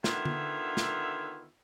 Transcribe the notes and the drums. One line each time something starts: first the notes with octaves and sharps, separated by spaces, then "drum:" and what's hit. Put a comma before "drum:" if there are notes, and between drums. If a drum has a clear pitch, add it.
D3 D#3 B3 F4 C#5 E5, drum: snare
drum: tom
drum: snare